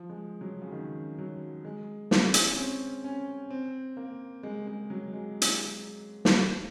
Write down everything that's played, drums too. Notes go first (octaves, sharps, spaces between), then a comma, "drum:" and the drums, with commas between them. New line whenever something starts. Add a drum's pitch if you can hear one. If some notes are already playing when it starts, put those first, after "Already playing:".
Already playing: F3
G#3
F#3
C#3
D#3
F#3
G#3
C4, drum: snare
drum: hi-hat
C#4
C4
C#4
C4
A#3
G#3
G#3
F#3
G#3
drum: hi-hat
drum: snare